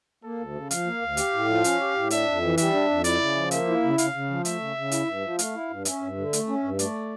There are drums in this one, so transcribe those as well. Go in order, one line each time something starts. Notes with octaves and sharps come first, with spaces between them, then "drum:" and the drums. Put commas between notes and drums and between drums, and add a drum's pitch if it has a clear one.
A#3 A4
D2
C#3
F3 F5, drum: hi-hat
A#3
D2
G4, drum: hi-hat
A2
F3
C#4, drum: hi-hat
G4
A2
D4 E5, drum: hi-hat
F2
E3
G3 E5, drum: hi-hat
D4
F2
E4 D5, drum: hi-hat
C#3
F3
A#3 E5, drum: hi-hat
E4
C#3
C#3 F5, drum: hi-hat
C#3
F3
A3 E5, drum: hi-hat
C#3
C#3
E4, drum: hi-hat
G2
F3
A3 F5, drum: hi-hat
E4
G2
C#4 E5, drum: hi-hat
G2
D3
A3, drum: hi-hat
C#4
G2
A3 D5, drum: hi-hat